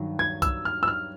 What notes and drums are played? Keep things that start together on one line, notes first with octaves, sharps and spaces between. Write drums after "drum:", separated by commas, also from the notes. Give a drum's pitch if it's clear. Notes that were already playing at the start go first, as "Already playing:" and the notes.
Already playing: G2 D#3 F#3
G#6
E6, drum: kick B1, tambourine
F6
E6
F6